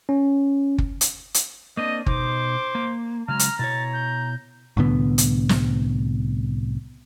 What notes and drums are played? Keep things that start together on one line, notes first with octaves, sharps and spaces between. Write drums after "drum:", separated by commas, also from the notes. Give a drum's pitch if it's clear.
C#4
drum: kick
drum: hi-hat
drum: hi-hat
A#3 C4 D4 D#5 D#7
B2 D#4 C5 D6, drum: kick
A#3
C#3 F#3 G#3 A#5 F6
drum: hi-hat
B2 E4 C#5 A6
G6
C2 A2 D3 B3
drum: hi-hat
drum: snare